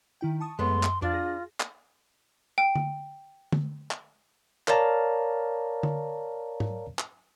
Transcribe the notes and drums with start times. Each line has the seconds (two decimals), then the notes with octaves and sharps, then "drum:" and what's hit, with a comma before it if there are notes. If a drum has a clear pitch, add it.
0.21 D#3 E4 G5
0.40 A5 C#6 D#6
0.59 F#2 G#3 A3 B3 C6
0.83 drum: clap
1.02 F2 D4 F4 D5 A6
1.13 G#4 A#6
1.60 drum: clap
2.58 G5
2.76 drum: tom D3
3.52 drum: tom D3
3.91 drum: clap
4.68 A#4 C#5 D5 F5 A5 A#5, drum: clap
5.83 drum: tom D3
6.60 drum: tom G#2
6.99 drum: clap